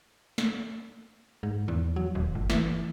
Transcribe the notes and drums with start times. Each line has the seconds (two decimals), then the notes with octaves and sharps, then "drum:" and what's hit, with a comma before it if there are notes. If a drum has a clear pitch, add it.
0.38 drum: snare
1.43 G#2
1.68 E2
1.96 F#3
2.15 D#1
2.35 G1
2.50 E3, drum: snare